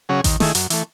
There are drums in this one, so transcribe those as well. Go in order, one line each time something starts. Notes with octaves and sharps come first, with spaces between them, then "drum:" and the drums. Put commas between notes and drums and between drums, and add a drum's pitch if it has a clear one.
C#3 F#3 C#4 G#4
D#2, drum: kick A1, hi-hat
D#3 A3 E4 G#4, drum: snare
F#2, drum: hi-hat
E3 A3, drum: hi-hat